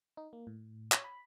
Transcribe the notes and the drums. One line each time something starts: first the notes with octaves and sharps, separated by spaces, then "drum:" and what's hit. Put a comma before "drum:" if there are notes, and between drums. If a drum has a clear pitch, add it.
D#4
A#3
A2
C#5, drum: clap
B5